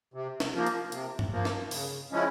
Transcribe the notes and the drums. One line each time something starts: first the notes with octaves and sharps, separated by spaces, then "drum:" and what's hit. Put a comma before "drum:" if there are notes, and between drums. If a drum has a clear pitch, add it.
C3
drum: snare
F3 A#3
drum: hi-hat
C3, drum: hi-hat
drum: tom G2
F3 A#3
drum: snare
C#3, drum: open hi-hat
F3 G#3 C#4 E4